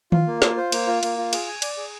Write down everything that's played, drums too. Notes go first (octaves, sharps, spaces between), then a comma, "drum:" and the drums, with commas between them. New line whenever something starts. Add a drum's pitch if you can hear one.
F4, drum: tom D#3
A#3
F4, drum: snare
C5
A#3, drum: cymbal
F4
A#3, drum: cymbal
F4
G#4, drum: cymbal
G#5
D5, drum: cymbal
G#4